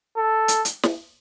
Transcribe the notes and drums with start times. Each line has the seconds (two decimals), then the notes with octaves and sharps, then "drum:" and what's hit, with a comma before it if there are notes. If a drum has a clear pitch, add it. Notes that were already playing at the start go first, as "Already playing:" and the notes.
0.17 A4
0.48 drum: hi-hat
0.65 drum: hi-hat
0.83 drum: snare